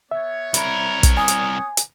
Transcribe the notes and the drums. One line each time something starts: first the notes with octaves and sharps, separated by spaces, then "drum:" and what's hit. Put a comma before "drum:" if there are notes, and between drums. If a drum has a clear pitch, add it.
B3 C#5 E5
C2 A#4 B5, drum: hi-hat
drum: kick, hi-hat
G#5 D#6
drum: hi-hat
drum: hi-hat